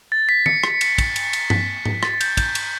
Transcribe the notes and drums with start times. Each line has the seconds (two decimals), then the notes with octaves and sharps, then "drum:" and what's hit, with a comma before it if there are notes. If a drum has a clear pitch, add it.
0.12 A6
0.29 B6
0.46 C#7, drum: tom D#3
0.64 drum: rim click
0.81 drum: cymbal
0.98 drum: kick, cymbal
1.16 drum: cymbal
1.33 drum: cymbal
1.50 B6, drum: tom G2
1.85 drum: tom G#2
2.03 A6, drum: rim click
2.14 A6
2.21 G6, drum: cymbal
2.37 G6, drum: kick, cymbal
2.55 drum: cymbal